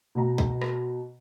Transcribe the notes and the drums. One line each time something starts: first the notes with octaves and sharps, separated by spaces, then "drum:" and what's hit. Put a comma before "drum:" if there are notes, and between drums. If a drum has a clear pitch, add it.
B2 A#5
drum: kick
drum: rim click